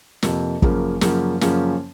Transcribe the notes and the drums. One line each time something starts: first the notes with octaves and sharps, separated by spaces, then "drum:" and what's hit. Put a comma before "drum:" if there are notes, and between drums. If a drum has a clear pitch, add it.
F2 C3 F3 A#3, drum: snare
F#2 C#3 F3 A#3 C#4, drum: kick
F#2 C#3 F3 A#3 C#4, drum: snare
F#2 C#3 F3 A#3 C#4, drum: snare